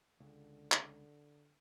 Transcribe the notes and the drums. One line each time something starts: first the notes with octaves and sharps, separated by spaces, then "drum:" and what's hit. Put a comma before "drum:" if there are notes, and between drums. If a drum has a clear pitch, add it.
C#2 D3
drum: clap